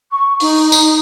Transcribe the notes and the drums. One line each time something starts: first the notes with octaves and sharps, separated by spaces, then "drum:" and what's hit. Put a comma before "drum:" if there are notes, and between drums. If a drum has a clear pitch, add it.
C#6
D#4, drum: open hi-hat
drum: tambourine